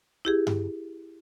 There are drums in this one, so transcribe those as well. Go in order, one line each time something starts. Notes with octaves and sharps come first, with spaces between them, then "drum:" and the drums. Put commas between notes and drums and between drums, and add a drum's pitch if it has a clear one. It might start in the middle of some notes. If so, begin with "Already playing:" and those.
E4 G4 G#4
drum: tom G2